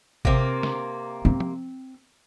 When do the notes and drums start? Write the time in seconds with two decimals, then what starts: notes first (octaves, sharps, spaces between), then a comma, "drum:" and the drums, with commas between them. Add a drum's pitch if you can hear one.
0.25 C3 A#3, drum: kick G#1
0.63 drum: snare
1.25 C4
1.40 drum: tom